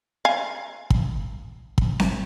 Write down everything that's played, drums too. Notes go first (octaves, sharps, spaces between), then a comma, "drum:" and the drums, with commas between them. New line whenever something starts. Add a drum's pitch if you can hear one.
F5 G#5
drum: kick
drum: kick
drum: snare C4